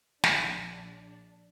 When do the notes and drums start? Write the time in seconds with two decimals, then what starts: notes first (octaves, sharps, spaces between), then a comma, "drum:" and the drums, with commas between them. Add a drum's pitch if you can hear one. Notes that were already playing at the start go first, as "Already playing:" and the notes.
0.24 A#1 D4, drum: snare